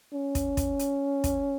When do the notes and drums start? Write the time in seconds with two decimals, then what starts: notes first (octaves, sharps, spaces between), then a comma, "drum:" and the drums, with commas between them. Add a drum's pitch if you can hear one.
0.13 C#4
0.35 drum: kick, hi-hat
0.57 drum: kick, hi-hat
0.79 drum: hi-hat
1.24 drum: kick, hi-hat